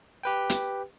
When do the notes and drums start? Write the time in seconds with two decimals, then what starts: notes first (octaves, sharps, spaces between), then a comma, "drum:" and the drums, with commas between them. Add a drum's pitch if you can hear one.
0.23 G4 B4 G5
0.50 drum: hi-hat